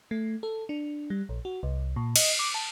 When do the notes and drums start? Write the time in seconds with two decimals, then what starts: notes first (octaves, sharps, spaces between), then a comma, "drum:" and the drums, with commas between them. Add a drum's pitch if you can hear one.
0.11 A3
0.43 A4
0.69 D4
1.10 G3
1.29 A#1
1.45 F#4
1.63 C2
1.96 A#2
2.16 D#5, drum: cymbal
2.39 D6
2.54 A5